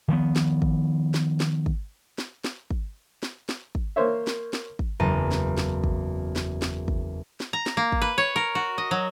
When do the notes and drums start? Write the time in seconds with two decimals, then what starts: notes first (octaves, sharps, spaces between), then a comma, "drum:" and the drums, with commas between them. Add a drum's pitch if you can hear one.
0.08 D#3 F3 G3 B3
0.36 drum: snare
0.62 drum: kick
1.14 drum: snare
1.40 drum: snare
1.66 drum: kick
2.18 drum: snare
2.44 drum: snare
2.71 drum: kick
3.23 drum: snare
3.49 drum: snare
3.75 drum: kick
3.96 A#3 C5 C#5 E5
4.27 drum: snare
4.53 drum: snare
4.79 drum: kick
5.00 F#1 E2 A5 A#5 D#7
5.31 drum: snare
5.58 drum: snare
5.84 drum: kick
6.36 drum: snare
6.62 drum: snare
6.88 drum: kick
7.40 drum: snare
7.53 A#5
7.66 drum: snare
7.77 A#3
7.92 drum: kick
8.02 B4
8.18 C#5
8.36 A#4
8.55 F#4
8.78 D#5
8.91 F#3